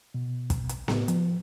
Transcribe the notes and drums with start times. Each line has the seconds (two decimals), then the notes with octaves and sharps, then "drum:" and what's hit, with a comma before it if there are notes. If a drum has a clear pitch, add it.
0.14 B2
0.50 drum: kick, hi-hat
0.69 drum: hi-hat
0.88 A2, drum: snare B3
1.08 F3, drum: hi-hat